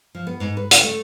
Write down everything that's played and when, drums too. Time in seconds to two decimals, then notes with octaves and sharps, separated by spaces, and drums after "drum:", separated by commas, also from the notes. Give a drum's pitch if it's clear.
0.15 F3
0.27 B3
0.40 G#2
0.57 B4
0.71 C#3, drum: hi-hat
0.83 A3